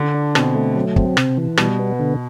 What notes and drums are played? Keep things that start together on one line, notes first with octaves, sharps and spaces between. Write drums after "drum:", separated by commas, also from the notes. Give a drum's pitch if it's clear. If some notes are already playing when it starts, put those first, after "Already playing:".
Already playing: D3
D4
B2 C4, drum: rim click
A3
F#3
C4, drum: kick
C3, drum: rim click
E3
B2 G3, drum: rim click
B3
D3